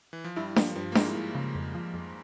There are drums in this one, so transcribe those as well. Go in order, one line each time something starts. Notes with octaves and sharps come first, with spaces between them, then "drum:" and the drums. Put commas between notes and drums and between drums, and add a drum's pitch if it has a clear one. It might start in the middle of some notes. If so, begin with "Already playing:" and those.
E3
F3
G2 G3 E4
F3 A#3, drum: snare D4
G2 F3
A#3
G#2 G#3 E4, drum: snare D4
A#3
C#3
F2
F3
F2